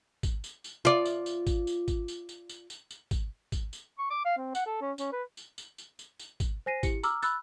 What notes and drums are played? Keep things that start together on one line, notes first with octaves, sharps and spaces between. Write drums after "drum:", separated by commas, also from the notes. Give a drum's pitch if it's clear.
drum: kick G#1, tambourine
drum: tambourine
drum: tambourine
F4 D5
drum: tambourine
drum: tambourine
drum: kick G#1, tambourine
drum: tambourine
drum: kick G#1, tambourine
drum: tambourine
drum: tambourine
drum: tambourine
drum: tambourine
drum: tambourine
drum: kick G#1, tambourine
drum: kick G#1, tambourine
drum: tambourine
C#6
D6
F5
C4
F#5, drum: tambourine
A4
C#4
C#4, drum: tambourine
B4
drum: tambourine
drum: tambourine
drum: tambourine
drum: tambourine
drum: tambourine
drum: kick G#1, tambourine
C5 G#5 A#6 C7 D#7
E4 G4 C#7, drum: kick G#1, tambourine
A#5 D6 E6 F6, drum: tambourine
B5 E6 F#6 A6, drum: tambourine